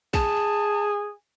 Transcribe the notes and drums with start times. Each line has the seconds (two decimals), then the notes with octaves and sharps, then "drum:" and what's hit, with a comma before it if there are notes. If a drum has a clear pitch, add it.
0.14 G#4 A5, drum: kick